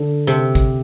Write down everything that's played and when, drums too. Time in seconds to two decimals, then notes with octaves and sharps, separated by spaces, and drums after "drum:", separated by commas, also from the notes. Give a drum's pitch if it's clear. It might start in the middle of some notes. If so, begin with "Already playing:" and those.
Already playing: D3
0.27 C3
0.55 drum: kick, hi-hat